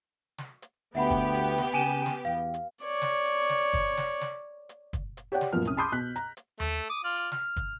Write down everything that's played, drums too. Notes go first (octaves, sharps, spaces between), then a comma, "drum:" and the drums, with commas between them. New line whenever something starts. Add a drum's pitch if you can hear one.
drum: snare
drum: hi-hat
D2 B3 G4 E5 F#5 B5
drum: kick, hi-hat
drum: hi-hat
drum: snare
C#3 G#5 D#7 E7
drum: snare
E2 F5
drum: hi-hat
C#5 D5
drum: snare
drum: hi-hat
drum: snare
drum: kick, hi-hat
drum: snare
drum: snare
drum: hi-hat
drum: kick, hi-hat
drum: hi-hat
G4 C#5 D5 F#5 G5
drum: snare
F#2 A#2 F3 B3 A#4 F6
C2 C#4 D#6, drum: hi-hat
A5 B5 C6 D6 D#6 G6
B2 F#6 B6
A#5, drum: hi-hat
drum: hi-hat
A3, drum: tom D#2
D6 D#6
F4 D5 F6
F6, drum: snare
drum: kick, hi-hat